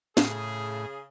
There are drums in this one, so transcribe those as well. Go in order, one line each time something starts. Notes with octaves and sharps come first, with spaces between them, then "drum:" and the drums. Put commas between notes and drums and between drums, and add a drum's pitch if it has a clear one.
A2 C#3 G#4, drum: snare